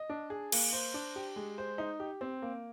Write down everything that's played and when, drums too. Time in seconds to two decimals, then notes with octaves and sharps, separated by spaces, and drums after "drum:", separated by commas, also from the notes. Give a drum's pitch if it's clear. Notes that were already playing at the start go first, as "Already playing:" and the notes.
Already playing: D#5
0.09 D4
0.30 G#4
0.52 A#3, drum: cymbal
0.73 C5
0.94 D4
1.16 G4
1.36 G#3
1.58 C5
1.78 D#4
2.00 G4
2.21 C4
2.42 A#3